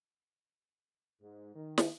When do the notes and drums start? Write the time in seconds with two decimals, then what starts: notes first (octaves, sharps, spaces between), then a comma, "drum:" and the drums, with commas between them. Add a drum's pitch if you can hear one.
1.21 G#2
1.55 D#3
1.78 drum: snare